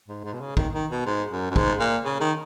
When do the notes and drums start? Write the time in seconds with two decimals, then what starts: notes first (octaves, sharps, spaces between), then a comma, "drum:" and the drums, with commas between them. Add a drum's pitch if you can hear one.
0.08 G#2
0.24 G#2
0.33 B2
0.40 C#3
0.57 D#3, drum: kick
0.74 D#3
0.91 B2
1.06 G#2
1.31 F#2
1.51 F#2
1.56 G#2, drum: kick
1.80 A#2
2.05 C#3
2.21 D#3